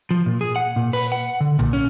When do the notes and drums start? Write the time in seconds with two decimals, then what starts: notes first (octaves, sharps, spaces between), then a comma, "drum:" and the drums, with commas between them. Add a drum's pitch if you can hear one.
0.11 F3
0.26 A#2
0.41 G#4
0.56 F#5
0.76 A#2
0.93 B4, drum: open hi-hat
1.12 F#5
1.41 D3
1.59 A#2, drum: tom B1
1.73 C#4